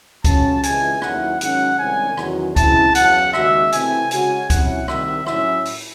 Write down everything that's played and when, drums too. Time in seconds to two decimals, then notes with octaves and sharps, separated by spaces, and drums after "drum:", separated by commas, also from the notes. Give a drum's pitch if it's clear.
0.24 C#2 C#3 F#3 C#4 A5, drum: kick C2, hi-hat
0.63 C#2 C3 E3 G#3 G#5, drum: hi-hat
1.02 D#2 D#3 F#3 C#4 E4 F#5, drum: rim click
1.41 G#2 D#3 F#3 C#4 F#5, drum: hi-hat
1.79 C2 C3 D#3 G#3 C#4 G#5
2.17 E2 D#3 F#3 C#4 F#4, drum: rim click
2.56 C#3 G#3 C4 E4 A5, drum: kick C2, hi-hat
2.95 E2 C#3 F#3 F#5, drum: hi-hat
3.33 D#2 C#3 G#3 C#4 F#4 E5, drum: rim click
3.72 C3 E3 A3 C4 E4 G#5, drum: hi-hat
4.11 C#3 G#3 C#4 F#4 G#5, drum: hi-hat
4.50 C3 F#3 C#4 E4 F#5, drum: kick C2, hi-hat
4.88 C2 C3 D#3 E5, drum: rim click
5.26 A2 F#3 C#4 E4 E5, drum: rim click
5.65 drum: open hi-hat